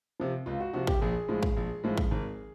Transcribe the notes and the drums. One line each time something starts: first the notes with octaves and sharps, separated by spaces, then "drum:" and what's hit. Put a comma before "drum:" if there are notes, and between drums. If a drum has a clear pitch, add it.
C3 F3
C#2 F4
F#4
C3 F3 F#4
G4, drum: kick
A#1 G#4
A2 F3 G#3
drum: kick
A#1
A2 F3 G#3
drum: kick
G#1